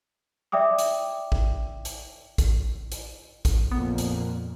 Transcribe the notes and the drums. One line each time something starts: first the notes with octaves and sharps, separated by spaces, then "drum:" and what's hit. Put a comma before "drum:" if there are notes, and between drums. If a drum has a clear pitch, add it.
D5 E5 G5 D6 D#6
drum: hi-hat
drum: kick A1
drum: hi-hat
drum: kick A1, hi-hat
drum: hi-hat
drum: kick A1, hi-hat
F2 A#2 A#3 B3
drum: hi-hat